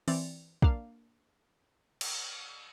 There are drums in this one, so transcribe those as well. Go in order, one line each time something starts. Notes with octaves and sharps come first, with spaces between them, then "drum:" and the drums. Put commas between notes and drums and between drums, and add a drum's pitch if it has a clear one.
E3 C4 D5 A6, drum: open hi-hat
A#3 D4 F5, drum: kick
drum: cymbal